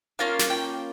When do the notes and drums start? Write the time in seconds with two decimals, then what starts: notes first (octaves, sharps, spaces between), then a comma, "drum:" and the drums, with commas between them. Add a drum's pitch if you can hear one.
0.19 A#3 C#4 F4 F5
0.39 drum: snare
0.50 G5